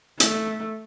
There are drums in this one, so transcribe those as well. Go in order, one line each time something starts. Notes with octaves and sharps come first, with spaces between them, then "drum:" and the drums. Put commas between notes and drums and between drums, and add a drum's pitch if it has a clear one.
A3, drum: hi-hat